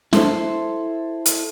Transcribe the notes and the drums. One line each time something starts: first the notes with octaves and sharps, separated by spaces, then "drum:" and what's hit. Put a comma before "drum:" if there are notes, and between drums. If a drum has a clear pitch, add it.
E4 A4 C5, drum: snare
drum: hi-hat